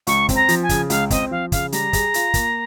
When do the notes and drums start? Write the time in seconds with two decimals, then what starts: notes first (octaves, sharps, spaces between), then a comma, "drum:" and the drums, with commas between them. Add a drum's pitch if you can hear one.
0.07 C#2 C#6, drum: hi-hat
0.29 C4, drum: kick, hi-hat
0.35 A#5
0.49 F3, drum: hi-hat
0.63 G#5
0.69 C#3, drum: kick, hi-hat
0.90 C#2 F5, drum: hi-hat
1.10 C4 D#5, drum: kick, hi-hat
1.31 F3 F5
1.52 C#3 F5, drum: kick, hi-hat
1.72 G3 A#5, drum: hi-hat
1.93 G#4, drum: kick, hi-hat
2.14 F4, drum: hi-hat
2.34 A#3, drum: kick, hi-hat